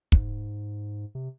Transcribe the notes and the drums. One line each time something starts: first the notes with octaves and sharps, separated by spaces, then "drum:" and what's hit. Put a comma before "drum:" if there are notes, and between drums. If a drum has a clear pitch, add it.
G#2, drum: kick
C3